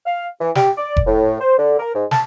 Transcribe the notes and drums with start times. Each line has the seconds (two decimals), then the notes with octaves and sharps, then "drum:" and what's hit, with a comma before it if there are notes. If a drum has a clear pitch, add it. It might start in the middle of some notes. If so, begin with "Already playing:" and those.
0.05 F5
0.40 E3
0.55 G4, drum: snare
0.77 D5
0.97 drum: kick F1
1.06 A2
1.40 C5
1.58 D3
1.79 A#4
1.94 G#2
2.11 A5, drum: snare